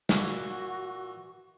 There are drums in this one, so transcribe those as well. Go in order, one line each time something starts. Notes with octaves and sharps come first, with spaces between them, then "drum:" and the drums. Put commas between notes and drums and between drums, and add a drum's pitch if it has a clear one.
A#2 E3 E4 F#4, drum: snare